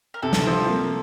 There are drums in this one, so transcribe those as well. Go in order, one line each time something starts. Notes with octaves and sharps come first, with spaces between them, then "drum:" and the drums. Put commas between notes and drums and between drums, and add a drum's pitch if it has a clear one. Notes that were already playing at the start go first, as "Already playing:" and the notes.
A#4
C3 A4
drum: snare
F3 C4 F4 C5
A#3